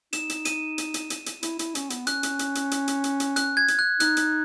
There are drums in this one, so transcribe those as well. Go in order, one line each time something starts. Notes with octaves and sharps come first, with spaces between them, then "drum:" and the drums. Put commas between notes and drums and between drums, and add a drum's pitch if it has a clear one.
D#4 E7, drum: hi-hat
drum: hi-hat
D#7, drum: hi-hat
drum: hi-hat
drum: hi-hat
drum: hi-hat
drum: hi-hat
E4, drum: hi-hat
E4, drum: hi-hat
C#4, drum: hi-hat
B3, drum: hi-hat
C#4 F#6, drum: hi-hat
drum: hi-hat
drum: hi-hat
drum: hi-hat
drum: hi-hat
drum: hi-hat
drum: hi-hat
drum: hi-hat
F#6, drum: hi-hat
G#6
drum: hi-hat
F#6
D#4 F#6, drum: hi-hat
drum: hi-hat